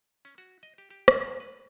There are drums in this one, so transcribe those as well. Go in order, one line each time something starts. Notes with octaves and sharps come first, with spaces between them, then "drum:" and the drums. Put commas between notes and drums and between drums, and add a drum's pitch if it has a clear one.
C#4
F#4
D#5
G4
G4
D#3, drum: rim click
G#2
B4